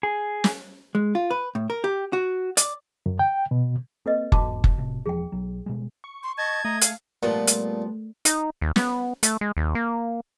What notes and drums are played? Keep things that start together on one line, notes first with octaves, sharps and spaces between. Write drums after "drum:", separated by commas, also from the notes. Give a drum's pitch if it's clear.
G#4
drum: snare
G#3
F4
B4
A2
A#4
G4
F#4
D5, drum: hi-hat
F#2
G5
B2
A#3 C4 A4 B4 D#5
E2 G#2 B3 F#4 A5 D6, drum: kick F#1
drum: kick F#1
A2 C3
E1 E2 F3 G#4 G5
B1 F#3
B2 G3 G#3
C#6
C6
D#5 A5 G#6
A3 D#5 A#5
G#4 F5, drum: hi-hat
A#2 F3 G3 A3 B3
drum: hi-hat
D#4, drum: hi-hat
D#2
B3, drum: snare
A3, drum: hi-hat
G#3
D#2
A#3